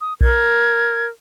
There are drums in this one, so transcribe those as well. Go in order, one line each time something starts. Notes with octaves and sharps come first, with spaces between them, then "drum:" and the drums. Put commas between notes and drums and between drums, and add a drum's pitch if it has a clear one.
D#6
A#4 G#6, drum: kick A#1